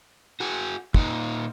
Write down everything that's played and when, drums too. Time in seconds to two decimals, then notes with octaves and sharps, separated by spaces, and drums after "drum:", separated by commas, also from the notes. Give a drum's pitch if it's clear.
0.40 F#4 G#4
0.94 A#2 D#4, drum: kick